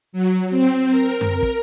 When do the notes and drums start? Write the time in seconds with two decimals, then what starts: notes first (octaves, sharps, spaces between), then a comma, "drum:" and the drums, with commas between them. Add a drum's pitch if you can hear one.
0.12 F#3
0.50 C4
0.90 A#4
1.21 drum: tom F#2
1.43 drum: kick